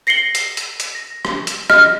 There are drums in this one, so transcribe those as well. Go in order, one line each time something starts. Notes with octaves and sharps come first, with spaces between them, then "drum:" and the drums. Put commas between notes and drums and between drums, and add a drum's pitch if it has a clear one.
A#6 C7 C#7 F#7 G7
drum: hi-hat
drum: hi-hat
drum: hi-hat
A#6
drum: rim click
drum: hi-hat
D#5 F6, drum: rim click